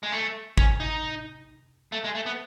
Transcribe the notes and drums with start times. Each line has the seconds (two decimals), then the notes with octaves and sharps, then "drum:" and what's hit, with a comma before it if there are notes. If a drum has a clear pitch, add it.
0.03 G#3
0.12 A3
0.58 C#4, drum: kick
0.80 D#4
1.92 A3
2.04 G#3
2.15 A3
2.26 B3